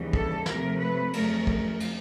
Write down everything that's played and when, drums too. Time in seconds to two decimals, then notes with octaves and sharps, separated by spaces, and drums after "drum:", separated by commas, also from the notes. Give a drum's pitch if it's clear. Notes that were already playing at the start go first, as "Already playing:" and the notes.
Already playing: D#2 C#3 E3 G3
0.13 A4, drum: kick
0.46 C3 F3 A3 A#4, drum: snare
0.79 B4
1.13 F2 C#3 F#3 A3 A#4, drum: cymbal
1.47 A#4, drum: kick
1.80 drum: cymbal